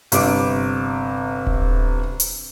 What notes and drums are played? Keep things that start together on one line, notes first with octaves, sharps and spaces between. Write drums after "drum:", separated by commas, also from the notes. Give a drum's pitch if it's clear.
G1 C3 D6 D7, drum: hi-hat
drum: kick D#1
drum: hi-hat